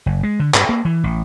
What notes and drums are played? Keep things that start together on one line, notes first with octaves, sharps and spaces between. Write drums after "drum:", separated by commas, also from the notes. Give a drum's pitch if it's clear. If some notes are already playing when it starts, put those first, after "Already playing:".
F#1
G#3
D3
G2, drum: clap
A#3
E3
A1